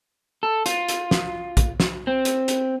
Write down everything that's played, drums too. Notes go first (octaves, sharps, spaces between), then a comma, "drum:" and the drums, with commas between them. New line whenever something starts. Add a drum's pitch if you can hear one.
A4
F4, drum: hi-hat
drum: hi-hat
drum: snare
drum: kick, hi-hat
drum: snare
C4
drum: hi-hat
drum: hi-hat